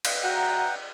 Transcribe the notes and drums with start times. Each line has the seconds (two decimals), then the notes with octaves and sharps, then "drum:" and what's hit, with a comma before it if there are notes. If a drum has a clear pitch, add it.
0.05 drum: cymbal
0.24 F#4 E5 F#5 G5 A#5